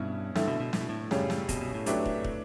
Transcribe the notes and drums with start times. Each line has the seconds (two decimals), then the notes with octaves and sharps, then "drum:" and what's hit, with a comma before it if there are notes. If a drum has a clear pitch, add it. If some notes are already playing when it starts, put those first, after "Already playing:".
Already playing: G2 B2 C#4 E4
0.35 G2 D3 A3 E4, drum: snare
0.48 B2
0.60 B2
0.73 A2, drum: snare
0.81 B2
0.89 A2
1.11 F#2 C#3 G3, drum: snare
1.30 drum: snare
1.49 B2, drum: kick, hi-hat
1.61 B2
1.74 A2
1.86 F#3 A3 D4 G4 B4, drum: hi-hat
2.05 drum: kick
2.24 drum: kick